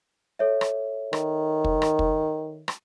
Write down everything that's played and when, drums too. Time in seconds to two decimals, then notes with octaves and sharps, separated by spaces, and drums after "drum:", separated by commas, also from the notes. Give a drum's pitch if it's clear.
0.39 A4 C#5 E5
0.61 drum: rim click
1.13 D#3, drum: rim click
1.64 drum: kick
1.82 drum: rim click
1.99 drum: kick
2.68 drum: rim click